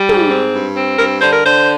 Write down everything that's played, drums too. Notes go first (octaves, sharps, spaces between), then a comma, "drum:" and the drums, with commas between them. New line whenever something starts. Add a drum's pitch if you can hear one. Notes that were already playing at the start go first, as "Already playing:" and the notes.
Already playing: G3
G#2, drum: tom
C4
G2
C4
G2 A#4
D3 C5
A#4
D3 C5